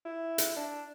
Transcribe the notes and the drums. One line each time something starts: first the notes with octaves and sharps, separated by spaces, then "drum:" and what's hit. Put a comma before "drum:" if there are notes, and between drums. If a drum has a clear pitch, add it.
E4
drum: hi-hat
D4